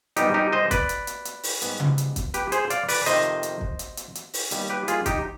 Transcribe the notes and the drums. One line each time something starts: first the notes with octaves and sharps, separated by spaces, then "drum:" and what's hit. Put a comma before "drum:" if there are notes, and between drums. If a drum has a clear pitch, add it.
G#2 D#3 G3 B3 D#4 G4, drum: hi-hat
D#4 G4
C5 D#5
B4 D5, drum: kick, hi-hat
drum: hi-hat
drum: hi-hat
drum: hi-hat
drum: open hi-hat
G#2 G3 B3, drum: hi-hat
drum: tom C#3
drum: hi-hat
drum: kick, hi-hat
G4 B4, drum: hi-hat
G#4 C5, drum: hi-hat
D5 F5, drum: hi-hat
B4 D5, drum: open hi-hat
F2 C3 D#3 C5 D#5, drum: hi-hat
drum: hi-hat
drum: kick
drum: hi-hat
drum: hi-hat
drum: hi-hat
drum: open hi-hat
D#2 D#3 G3 B3, drum: hi-hat
G4 B4
F4 G#4, drum: hi-hat
D#4 G4, drum: kick, hi-hat